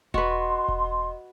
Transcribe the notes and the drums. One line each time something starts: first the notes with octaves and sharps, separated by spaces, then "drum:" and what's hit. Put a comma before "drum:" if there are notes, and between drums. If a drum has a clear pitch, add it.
F#4 B4 D#5 C6, drum: kick E1
drum: kick E1